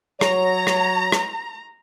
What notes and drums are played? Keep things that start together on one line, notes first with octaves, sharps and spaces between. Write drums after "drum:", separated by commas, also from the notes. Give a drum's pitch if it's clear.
F#3 C#5 A#5, drum: rim click
drum: rim click
drum: rim click